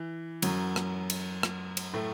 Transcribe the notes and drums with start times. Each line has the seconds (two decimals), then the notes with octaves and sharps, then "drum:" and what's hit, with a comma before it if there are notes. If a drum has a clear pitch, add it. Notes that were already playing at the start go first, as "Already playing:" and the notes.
Already playing: E3
0.42 F#2 F#3, drum: cymbal
0.76 drum: rim click
1.10 drum: cymbal
1.43 drum: rim click
1.77 drum: cymbal
1.94 A2 A3